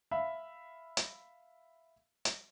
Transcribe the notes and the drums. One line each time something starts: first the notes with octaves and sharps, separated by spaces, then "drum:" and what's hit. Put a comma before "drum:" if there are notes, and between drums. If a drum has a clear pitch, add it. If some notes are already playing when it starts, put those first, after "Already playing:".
E5 F5 B5
drum: hi-hat
drum: hi-hat